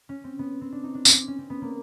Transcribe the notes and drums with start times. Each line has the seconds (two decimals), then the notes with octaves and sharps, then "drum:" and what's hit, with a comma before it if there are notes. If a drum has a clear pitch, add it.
0.09 C#4
0.24 C4
0.39 B3
0.61 C4
0.72 D4
0.83 D#4
0.94 D4
1.05 C#4, drum: tambourine
1.16 C4
1.28 C#4
1.38 C4
1.50 B3
1.62 A#3